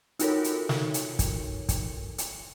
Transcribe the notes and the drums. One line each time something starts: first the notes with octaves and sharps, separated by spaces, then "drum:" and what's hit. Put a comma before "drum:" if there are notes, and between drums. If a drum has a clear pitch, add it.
D#4 F4 F#4 A4 A#4 C#5, drum: hi-hat
drum: hi-hat
drum: snare
drum: hi-hat
drum: kick, hi-hat
drum: kick, hi-hat
drum: hi-hat